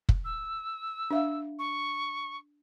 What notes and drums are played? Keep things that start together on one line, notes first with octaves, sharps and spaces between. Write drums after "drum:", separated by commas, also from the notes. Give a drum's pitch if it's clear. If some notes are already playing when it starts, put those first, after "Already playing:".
drum: kick
E6
D4 E5 F5
C#6